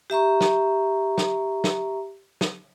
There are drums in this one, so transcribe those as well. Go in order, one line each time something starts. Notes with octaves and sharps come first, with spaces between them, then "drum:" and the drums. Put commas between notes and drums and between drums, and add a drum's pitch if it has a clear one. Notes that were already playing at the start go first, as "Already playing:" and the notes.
G4 E5 A#5 C#6
drum: snare
drum: snare
drum: snare
drum: snare